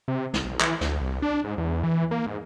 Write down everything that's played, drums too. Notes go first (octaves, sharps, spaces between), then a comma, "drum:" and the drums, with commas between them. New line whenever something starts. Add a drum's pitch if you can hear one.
C3
C2, drum: snare
B1
E3, drum: clap
D2, drum: snare
C2
D4
G#2
E2
E3
A#3
G#2